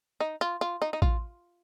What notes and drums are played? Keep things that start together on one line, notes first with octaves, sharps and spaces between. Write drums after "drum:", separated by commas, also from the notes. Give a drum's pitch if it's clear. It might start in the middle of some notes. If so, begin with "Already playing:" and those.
D#4
F4
F4
D#4
D#4
F4, drum: kick A1